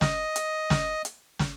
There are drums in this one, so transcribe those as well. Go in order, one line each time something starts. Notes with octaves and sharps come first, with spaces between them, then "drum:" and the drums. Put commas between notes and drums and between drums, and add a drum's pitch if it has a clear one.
D#5, drum: snare
drum: hi-hat
drum: snare
drum: hi-hat
drum: snare